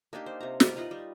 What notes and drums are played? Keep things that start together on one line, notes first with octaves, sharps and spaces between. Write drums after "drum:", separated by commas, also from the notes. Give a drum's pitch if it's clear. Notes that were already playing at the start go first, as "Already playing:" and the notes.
A#3 D4 D#4 G4
C5
C3 A#5
E4 A#4 D#5, drum: snare
D#4 F4 B4 D#5
G3